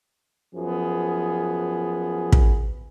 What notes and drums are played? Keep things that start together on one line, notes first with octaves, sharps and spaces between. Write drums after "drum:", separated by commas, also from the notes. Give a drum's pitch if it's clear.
F#2 F3 B3 G#4
drum: kick